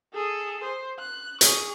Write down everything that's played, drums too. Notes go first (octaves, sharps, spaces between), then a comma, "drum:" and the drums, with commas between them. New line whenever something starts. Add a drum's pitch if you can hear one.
G#4 A4
C5
F#6
G#4 C#6, drum: hi-hat